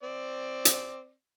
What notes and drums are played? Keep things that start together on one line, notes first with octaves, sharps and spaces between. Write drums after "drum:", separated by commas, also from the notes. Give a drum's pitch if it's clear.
C4 D5
drum: hi-hat